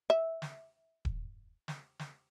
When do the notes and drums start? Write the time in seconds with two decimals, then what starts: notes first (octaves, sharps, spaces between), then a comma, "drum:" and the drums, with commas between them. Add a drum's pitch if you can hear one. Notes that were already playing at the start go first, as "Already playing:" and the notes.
0.10 E5
0.42 drum: snare
1.05 drum: kick D#1
1.68 drum: snare
1.99 drum: snare